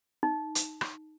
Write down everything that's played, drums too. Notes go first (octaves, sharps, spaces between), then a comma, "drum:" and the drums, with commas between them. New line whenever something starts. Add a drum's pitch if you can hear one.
D#4
drum: hi-hat
drum: rim click